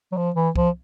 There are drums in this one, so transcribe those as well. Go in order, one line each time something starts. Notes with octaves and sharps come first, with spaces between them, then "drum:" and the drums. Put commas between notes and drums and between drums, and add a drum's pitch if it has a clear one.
F#3
F3
E3
F3, drum: kick C2